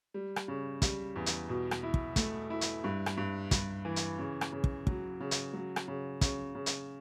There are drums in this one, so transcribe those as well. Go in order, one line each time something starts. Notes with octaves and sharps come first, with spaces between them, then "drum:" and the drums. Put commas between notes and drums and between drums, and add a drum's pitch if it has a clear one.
G3
drum: rim click
C#3
G3, drum: kick, hi-hat
E2
drum: hi-hat
B2
drum: rim click
E4
drum: kick
A3, drum: kick, hi-hat
E4
drum: hi-hat
G2
drum: rim click
G2
G2, drum: kick, hi-hat
E3
drum: hi-hat
C#3
drum: rim click
C#3
drum: kick
F#3, drum: kick
C#3
drum: hi-hat
F#3
drum: rim click
C#3
C#3, drum: kick, hi-hat
C#3
drum: hi-hat